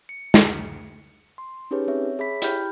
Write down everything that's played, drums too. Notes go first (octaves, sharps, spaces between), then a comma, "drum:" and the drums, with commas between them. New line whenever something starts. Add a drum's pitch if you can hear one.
C#7
drum: snare
C6
C#4 D#4 G4 G#4 B4 C#5
C4 C#5 E5
G#4 C#5 E5 B5 B6
E4 G4 G5 B5 F6 G6, drum: hi-hat